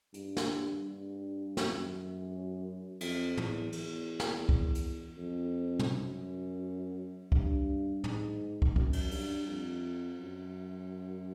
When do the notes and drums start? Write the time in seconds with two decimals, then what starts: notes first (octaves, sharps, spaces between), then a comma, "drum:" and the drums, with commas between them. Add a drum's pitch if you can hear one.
0.14 G2, drum: hi-hat
0.37 drum: snare
0.85 G2
1.57 F#2, drum: snare
3.01 F2, drum: cymbal
3.37 E2, drum: tom
3.73 E2, drum: cymbal
4.20 drum: snare
4.49 drum: kick
4.75 drum: hi-hat
5.17 F2
5.79 drum: tom
5.88 F#2
7.32 G2, drum: kick
8.04 G#2, drum: tom
8.62 drum: kick
8.76 F#2, drum: kick
8.93 drum: cymbal
9.11 G2, drum: open hi-hat
9.47 F2
10.20 F#2